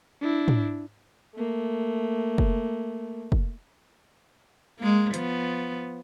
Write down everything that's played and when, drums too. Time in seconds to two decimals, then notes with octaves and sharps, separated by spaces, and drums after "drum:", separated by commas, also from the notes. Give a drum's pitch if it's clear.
0.21 D4 E4
0.48 drum: tom
1.35 A3 A#3
2.38 drum: kick
3.32 drum: kick
4.79 G#3 A#3
5.14 F3 B3, drum: hi-hat